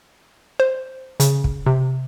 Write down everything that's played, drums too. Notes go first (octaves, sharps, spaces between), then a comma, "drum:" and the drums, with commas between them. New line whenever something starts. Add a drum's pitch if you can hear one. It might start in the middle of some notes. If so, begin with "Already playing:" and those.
C5
C#3, drum: hi-hat
drum: kick
C3